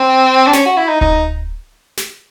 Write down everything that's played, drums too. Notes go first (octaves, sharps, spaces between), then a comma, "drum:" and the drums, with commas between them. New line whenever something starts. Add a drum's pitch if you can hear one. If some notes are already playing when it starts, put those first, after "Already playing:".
Already playing: C4
D4
C#4, drum: snare
F#4
E4
D#4
D#4, drum: kick D1
drum: snare